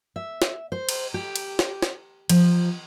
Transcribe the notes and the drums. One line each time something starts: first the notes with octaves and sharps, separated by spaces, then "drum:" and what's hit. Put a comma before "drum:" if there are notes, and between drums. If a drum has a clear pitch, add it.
E5
drum: snare
C5
drum: cymbal
G4
drum: cymbal
drum: snare
drum: snare
F3, drum: cymbal